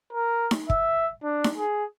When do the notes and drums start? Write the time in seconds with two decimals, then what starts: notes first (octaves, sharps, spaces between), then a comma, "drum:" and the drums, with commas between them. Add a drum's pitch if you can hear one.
0.13 A#4
0.51 drum: snare D#4
0.70 E5, drum: kick
1.24 D4
1.44 drum: snare D#4
1.57 G#4